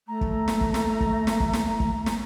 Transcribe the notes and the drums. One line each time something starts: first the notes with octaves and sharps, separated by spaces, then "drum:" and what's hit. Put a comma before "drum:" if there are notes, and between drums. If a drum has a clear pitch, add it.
A3 A#5
drum: kick
drum: snare
drum: kick
drum: snare
drum: kick
drum: snare
drum: kick
drum: snare
drum: kick
drum: snare